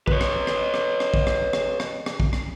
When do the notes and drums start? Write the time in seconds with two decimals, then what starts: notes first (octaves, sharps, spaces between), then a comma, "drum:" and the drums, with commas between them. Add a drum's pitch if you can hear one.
0.08 B4 C#5, drum: kick
0.21 drum: rim click
0.47 drum: rim click
0.74 drum: rim click
1.00 drum: rim click
1.14 drum: kick
1.27 drum: rim click
1.53 drum: rim click
1.80 drum: rim click
2.06 drum: rim click
2.20 drum: kick
2.33 drum: rim click